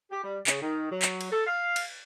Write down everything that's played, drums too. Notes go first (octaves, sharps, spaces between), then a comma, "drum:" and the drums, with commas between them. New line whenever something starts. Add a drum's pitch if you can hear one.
G4
G3
C#3, drum: clap
D#3
F#3
drum: clap
drum: cymbal
A4
F5
drum: cymbal